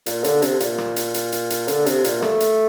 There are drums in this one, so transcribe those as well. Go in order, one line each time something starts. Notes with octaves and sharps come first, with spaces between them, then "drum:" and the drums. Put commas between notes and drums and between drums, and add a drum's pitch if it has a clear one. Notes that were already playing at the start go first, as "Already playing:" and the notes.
A#2, drum: hi-hat
D3, drum: hi-hat
C3, drum: hi-hat
A#2, drum: hi-hat
drum: rim click
drum: hi-hat
drum: hi-hat
drum: hi-hat
drum: hi-hat
D3, drum: hi-hat
C3, drum: hi-hat
A#2, drum: hi-hat
A3, drum: rim click
drum: hi-hat